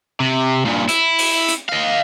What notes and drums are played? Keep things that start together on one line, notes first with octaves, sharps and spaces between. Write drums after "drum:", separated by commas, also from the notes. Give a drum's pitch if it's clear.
C3
G2 A#2
E4, drum: hi-hat
drum: open hi-hat
drum: hi-hat
D#5 F5